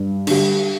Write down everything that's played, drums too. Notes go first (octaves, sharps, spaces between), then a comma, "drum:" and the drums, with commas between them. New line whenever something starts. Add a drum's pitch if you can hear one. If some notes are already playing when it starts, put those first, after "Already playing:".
Already playing: G2
D3 G3, drum: cymbal